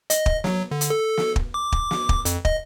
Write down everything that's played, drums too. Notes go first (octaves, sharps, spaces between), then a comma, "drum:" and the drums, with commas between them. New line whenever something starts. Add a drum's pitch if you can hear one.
D#5, drum: hi-hat
drum: kick
F#3, drum: snare
D3
drum: hi-hat
A4
drum: snare
drum: kick
D6
drum: kick
drum: snare
drum: kick
F2, drum: hi-hat
D#5, drum: kick